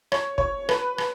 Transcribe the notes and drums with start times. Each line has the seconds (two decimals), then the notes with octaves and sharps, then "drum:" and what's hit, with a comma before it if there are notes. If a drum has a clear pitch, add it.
0.12 C#5, drum: rim click
0.38 C#5, drum: kick
0.69 B4, drum: rim click
0.98 drum: rim click